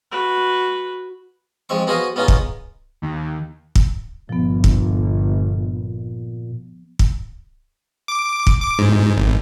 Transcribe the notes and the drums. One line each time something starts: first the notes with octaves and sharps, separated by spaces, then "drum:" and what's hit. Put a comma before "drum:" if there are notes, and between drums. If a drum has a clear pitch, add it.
F#4 B4
F3 G#3 C4 C#6
B3 F#4 G#4 C5 D#5 F5
B3 C#4 D#4 F4 G#4
drum: kick
D#2
drum: kick
G1 A#2 F3 B3
drum: kick
drum: kick
D6
drum: kick
D6
G#2
G#1